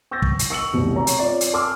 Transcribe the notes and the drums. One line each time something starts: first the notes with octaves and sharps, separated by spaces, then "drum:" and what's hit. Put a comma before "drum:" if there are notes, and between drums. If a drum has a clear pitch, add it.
C#6 E6 G6 A6 A#6
drum: kick
drum: hi-hat
C#6 E6 C#7 F#7
F1 C2 B2 E3
C#5 A#5 C#6
drum: hi-hat
C4 F4 C#5 D5
drum: hi-hat
G#5 A5 C6 D6 E6 F6